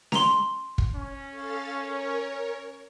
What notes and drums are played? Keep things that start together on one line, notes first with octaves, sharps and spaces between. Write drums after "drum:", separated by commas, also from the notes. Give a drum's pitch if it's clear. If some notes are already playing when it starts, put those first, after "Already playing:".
A#5 C6, drum: snare C#4
drum: kick
C#4
A4 F5 A6
A#4 C#5